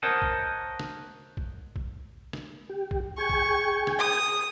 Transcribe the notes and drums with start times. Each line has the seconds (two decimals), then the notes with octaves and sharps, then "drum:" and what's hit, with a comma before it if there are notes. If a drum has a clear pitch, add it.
0.03 A#4 C5 C#5 D#5 F#5 A5
0.22 drum: kick A#1
0.80 drum: snare
1.37 drum: kick A#1
1.76 drum: kick A#1
2.33 drum: snare
2.69 G4
2.91 drum: kick A#1
3.18 G#4 G5 G#5 C#6
3.29 drum: kick A#1
3.87 drum: snare
3.99 D#6